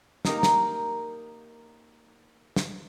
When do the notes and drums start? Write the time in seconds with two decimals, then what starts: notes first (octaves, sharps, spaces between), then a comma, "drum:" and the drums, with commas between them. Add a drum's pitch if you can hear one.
0.25 A#3 D#4 G4 A#4, drum: snare
0.43 drum: snare
2.56 drum: snare